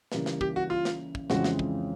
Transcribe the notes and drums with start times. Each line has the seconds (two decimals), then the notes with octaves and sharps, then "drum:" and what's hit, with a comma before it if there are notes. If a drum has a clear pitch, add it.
0.12 C#3 E3 G3 A#3, drum: snare
0.26 drum: snare
0.41 G4, drum: kick
0.56 F#4
0.70 F4
0.85 drum: snare
1.15 drum: kick
1.30 F2 C#3 E3 G#3 C4 F#4, drum: snare
1.44 drum: snare
1.59 drum: kick